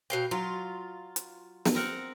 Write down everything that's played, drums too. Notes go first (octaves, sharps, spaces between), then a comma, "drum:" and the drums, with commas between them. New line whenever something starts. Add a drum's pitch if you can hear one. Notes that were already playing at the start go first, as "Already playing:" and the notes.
B2 F5 G5
F#3 F4
drum: hi-hat
drum: snare
C4 A#4 F#5